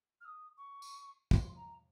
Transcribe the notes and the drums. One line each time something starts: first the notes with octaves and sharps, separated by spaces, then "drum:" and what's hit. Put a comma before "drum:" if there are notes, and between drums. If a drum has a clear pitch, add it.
F6
D#6
C#6
drum: tambourine
C6, drum: kick, tambourine
A#5